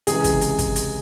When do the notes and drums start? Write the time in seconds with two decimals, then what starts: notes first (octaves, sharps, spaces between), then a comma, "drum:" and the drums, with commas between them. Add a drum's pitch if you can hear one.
0.07 C#2 C3 E3 G#4, drum: hi-hat
0.24 drum: kick, hi-hat
0.41 drum: hi-hat
0.59 drum: kick, hi-hat
0.76 drum: hi-hat